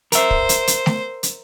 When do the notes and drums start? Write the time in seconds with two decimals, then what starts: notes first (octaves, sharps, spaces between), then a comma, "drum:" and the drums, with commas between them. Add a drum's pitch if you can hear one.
0.12 A#4 C5 E5, drum: hi-hat
0.31 drum: kick
0.49 drum: hi-hat
0.67 drum: hi-hat
0.86 drum: snare
1.23 drum: hi-hat